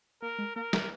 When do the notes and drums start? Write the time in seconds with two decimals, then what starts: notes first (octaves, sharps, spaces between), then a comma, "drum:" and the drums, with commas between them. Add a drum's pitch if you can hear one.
0.22 A#3 A#4
0.39 G#3
0.56 A#3 A#4
0.73 D#3, drum: snare